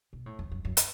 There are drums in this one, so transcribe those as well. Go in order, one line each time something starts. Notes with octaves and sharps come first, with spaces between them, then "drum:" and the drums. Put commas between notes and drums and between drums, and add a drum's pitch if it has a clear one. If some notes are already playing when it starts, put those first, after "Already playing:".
B2
A2
E2
F#2
F#2
drum: hi-hat